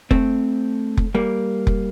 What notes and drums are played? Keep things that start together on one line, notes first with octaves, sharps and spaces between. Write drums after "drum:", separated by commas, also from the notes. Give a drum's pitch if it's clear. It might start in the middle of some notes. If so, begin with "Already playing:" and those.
A3 C4, drum: kick F1
drum: kick F1
G3 A#3
drum: kick F1